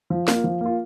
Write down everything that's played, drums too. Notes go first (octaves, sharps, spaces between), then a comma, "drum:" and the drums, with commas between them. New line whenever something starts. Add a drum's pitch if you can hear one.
F3
A#3 F4, drum: snare
F3
A#3 F4